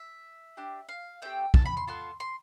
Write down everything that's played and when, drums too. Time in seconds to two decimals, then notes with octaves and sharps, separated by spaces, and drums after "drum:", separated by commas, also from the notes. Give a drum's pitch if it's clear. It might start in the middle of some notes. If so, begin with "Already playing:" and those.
Already playing: E5
0.57 D4 G4
0.89 F5
1.22 A3 C4 G4 G5
1.54 A5, drum: kick
1.65 B5
1.77 C6
1.87 B3 F4 A4 C6
2.20 C6